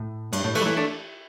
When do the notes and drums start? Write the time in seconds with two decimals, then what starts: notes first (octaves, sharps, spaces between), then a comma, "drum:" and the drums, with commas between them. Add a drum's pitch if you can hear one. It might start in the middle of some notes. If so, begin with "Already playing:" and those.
Already playing: A2
0.33 G2, drum: cymbal
0.44 A2
0.55 E3 A3, drum: cymbal
0.61 G3
0.66 E3 A3
0.77 A3 D4